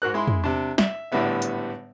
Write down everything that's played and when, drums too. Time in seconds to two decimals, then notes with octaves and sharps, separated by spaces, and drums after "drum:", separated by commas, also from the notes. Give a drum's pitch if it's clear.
0.02 G#2 F#4 A#4 F#6
0.14 G#3 E4 B5 C6
0.28 drum: tom
0.44 C3 D4
0.78 E5, drum: snare
1.12 G#1 A2 D3 G3 B3 E5
1.42 drum: hi-hat